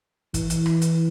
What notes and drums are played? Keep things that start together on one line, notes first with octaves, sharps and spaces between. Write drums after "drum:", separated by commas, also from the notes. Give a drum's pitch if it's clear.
E3, drum: kick, hi-hat
drum: hi-hat
drum: rim click
drum: hi-hat